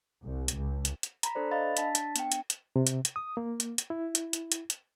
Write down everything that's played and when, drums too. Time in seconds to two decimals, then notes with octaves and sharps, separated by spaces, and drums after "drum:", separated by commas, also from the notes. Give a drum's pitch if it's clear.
0.24 C2
0.48 drum: hi-hat
0.59 C#2
0.85 drum: hi-hat
1.03 drum: hi-hat
1.23 A#5 B5 B6, drum: hi-hat
1.35 D4 A4 C5 D5
1.52 D#5 F5 B5 A6
1.77 D4 A5 A6 B6, drum: hi-hat
1.95 drum: hi-hat
2.16 B3 D4 G5, drum: hi-hat
2.32 drum: hi-hat
2.50 drum: hi-hat
2.76 C3
2.87 drum: hi-hat
3.05 drum: hi-hat
3.16 D#6
3.37 A#3
3.60 drum: hi-hat
3.78 drum: hi-hat
3.90 E4
4.15 drum: hi-hat
4.33 drum: hi-hat
4.52 drum: hi-hat
4.70 drum: hi-hat